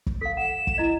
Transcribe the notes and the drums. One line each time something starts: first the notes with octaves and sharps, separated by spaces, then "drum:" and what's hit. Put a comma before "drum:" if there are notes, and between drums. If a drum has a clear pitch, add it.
drum: kick
A4 F5 B6
F#5 E7
drum: kick
E4 D#5